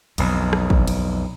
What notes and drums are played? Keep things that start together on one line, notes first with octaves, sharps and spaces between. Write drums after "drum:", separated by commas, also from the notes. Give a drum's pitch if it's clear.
B1 F2, drum: cymbal
drum: rim click
drum: kick
drum: cymbal